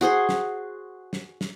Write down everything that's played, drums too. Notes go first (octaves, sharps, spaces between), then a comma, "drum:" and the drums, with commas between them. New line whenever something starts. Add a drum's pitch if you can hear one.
F#4 G#4 C5 C6
drum: snare
drum: snare
drum: snare